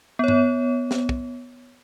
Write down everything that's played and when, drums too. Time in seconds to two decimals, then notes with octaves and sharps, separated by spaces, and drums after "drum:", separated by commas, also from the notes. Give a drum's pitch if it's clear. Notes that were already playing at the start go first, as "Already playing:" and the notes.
0.19 B3 C#5
0.28 drum: tom G2
0.91 drum: snare
1.09 drum: kick